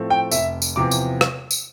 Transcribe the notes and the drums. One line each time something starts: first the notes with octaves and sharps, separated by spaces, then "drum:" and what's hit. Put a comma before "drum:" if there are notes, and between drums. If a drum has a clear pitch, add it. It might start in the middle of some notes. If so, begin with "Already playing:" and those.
Already playing: A2 F3 A3 C4
G5
F1 E5, drum: tambourine
drum: tambourine
E2 C3 F3 D6
drum: tambourine
drum: rim click
drum: tambourine